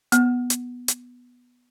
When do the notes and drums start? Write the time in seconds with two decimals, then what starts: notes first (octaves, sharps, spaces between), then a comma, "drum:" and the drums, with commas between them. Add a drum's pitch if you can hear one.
0.12 B3, drum: hi-hat
0.50 drum: hi-hat
0.88 drum: hi-hat